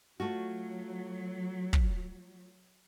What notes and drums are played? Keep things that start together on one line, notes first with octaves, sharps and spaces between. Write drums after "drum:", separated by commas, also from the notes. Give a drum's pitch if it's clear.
F#3 A3 F4 F#4
drum: kick